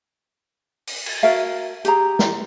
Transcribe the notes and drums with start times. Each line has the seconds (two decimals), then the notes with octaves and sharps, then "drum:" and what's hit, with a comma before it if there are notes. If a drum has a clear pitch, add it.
0.87 drum: open hi-hat
1.06 drum: cymbal
1.23 F#4 A#4 E5 F5
1.85 G4 G#4 A#5, drum: hi-hat
2.19 drum: snare